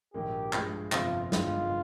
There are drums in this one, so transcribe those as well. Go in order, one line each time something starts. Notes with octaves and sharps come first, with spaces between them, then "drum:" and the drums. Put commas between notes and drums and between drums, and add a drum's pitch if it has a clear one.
A#1 G#2 D#3 A#3 G4
G2 F3 G#3, drum: clap
G1 F2 C3 F4, drum: clap
G1 G2 D#3 G#3 D#4 F4, drum: snare